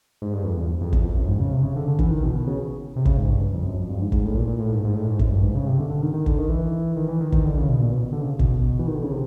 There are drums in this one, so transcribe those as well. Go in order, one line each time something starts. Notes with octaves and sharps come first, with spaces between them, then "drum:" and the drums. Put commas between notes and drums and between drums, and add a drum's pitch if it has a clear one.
G#2
G2
F2
E2
F2
E2, drum: kick
F2
F#2
G#2
C#3
C3
C#3
D3
D3
E3, drum: kick
D#3
B2
B2
C#3
C3
C#3, drum: kick
G#2
G2
F2
F#2
F2
G2
G#2
G#2, drum: kick
A2
A#2
A#2
A2
G#2
G#2
A2
G#2
F#2, drum: kick
G2
G#2
C#3
C3
D3
D3
D#3
D#3
D3, drum: kick
D#3
E3
D#3
E3
D#3
D#3, drum: kick
D3
C#3
B2
A#2
B2
D3
C#3
B2, drum: kick
E3
D#3
D3
C#3
C3